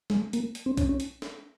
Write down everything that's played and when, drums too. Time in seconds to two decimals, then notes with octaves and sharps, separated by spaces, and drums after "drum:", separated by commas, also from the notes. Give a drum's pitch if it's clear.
0.10 G#3, drum: snare
0.33 A#3, drum: hi-hat
0.55 drum: hi-hat
0.66 C4
0.77 C#4, drum: kick B1, hi-hat
0.89 C#4
1.00 drum: hi-hat
1.22 drum: snare